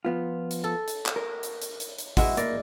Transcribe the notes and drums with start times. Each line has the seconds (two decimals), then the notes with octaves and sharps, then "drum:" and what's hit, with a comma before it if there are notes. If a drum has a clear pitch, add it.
0.05 F3 B3 F4
0.51 drum: hi-hat
0.64 A4
0.88 drum: hi-hat
1.06 drum: clap
1.16 A#4
1.43 drum: hi-hat
1.62 drum: hi-hat
1.80 drum: hi-hat
1.98 drum: hi-hat
2.17 G#3 E4 F#4 B4, drum: kick, open hi-hat
2.37 A#3 D5, drum: hi-hat